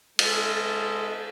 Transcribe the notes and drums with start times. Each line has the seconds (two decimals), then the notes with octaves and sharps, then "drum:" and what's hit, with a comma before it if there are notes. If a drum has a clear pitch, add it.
0.19 G#3 A4, drum: cymbal